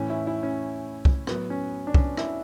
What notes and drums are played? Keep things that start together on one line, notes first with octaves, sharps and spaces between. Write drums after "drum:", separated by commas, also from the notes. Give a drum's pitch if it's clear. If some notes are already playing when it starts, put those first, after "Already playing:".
Already playing: A2 E3 C#4
E4
E4
C#4
drum: kick
A2 F#3 B3, drum: rim click
C#4
D4
C#4, drum: kick
E4, drum: rim click